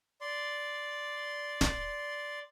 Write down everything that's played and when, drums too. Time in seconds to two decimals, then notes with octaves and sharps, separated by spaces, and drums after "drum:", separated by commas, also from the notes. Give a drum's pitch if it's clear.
0.21 D5 C6
1.61 drum: snare